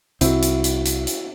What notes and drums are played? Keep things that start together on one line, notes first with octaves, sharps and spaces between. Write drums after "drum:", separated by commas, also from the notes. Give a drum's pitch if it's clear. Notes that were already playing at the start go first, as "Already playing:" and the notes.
C2 C4 E4 F#4, drum: hi-hat
drum: hi-hat
drum: hi-hat
drum: hi-hat
drum: hi-hat